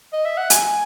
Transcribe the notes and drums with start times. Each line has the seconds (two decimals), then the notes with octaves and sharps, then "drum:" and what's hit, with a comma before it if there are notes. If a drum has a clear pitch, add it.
0.13 D#5
0.25 E5
0.37 F#5
0.50 G#5, drum: hi-hat